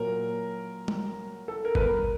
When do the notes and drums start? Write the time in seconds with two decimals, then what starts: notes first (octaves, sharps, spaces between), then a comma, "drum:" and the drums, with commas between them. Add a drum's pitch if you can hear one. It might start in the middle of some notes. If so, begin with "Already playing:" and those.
Already playing: A#2 F#3 A#4
0.88 drum: tom G3
1.48 A4
1.65 A#4
1.75 B4, drum: kick
1.81 B2 G3 A#4